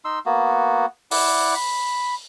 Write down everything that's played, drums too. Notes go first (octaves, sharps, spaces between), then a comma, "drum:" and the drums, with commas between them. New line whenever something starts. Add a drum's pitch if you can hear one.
D#4 C6 E6
A#3 B3 F#4
E4 D5 F#5, drum: open hi-hat
B5